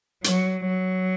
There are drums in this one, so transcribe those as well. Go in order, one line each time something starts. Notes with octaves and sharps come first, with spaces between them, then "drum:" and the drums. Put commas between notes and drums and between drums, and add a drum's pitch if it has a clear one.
F#3, drum: hi-hat
F#3